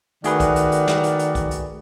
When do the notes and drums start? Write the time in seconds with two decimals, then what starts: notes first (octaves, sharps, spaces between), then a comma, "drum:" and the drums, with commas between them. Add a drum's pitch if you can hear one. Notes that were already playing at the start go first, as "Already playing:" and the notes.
0.24 D#3 A3 F#4 G#4 B4 D5, drum: hi-hat
0.40 drum: kick B1, hi-hat
0.56 drum: hi-hat
0.72 drum: hi-hat
0.88 drum: snare
1.03 drum: hi-hat
1.19 drum: hi-hat
1.35 drum: kick B1, hi-hat
1.51 drum: hi-hat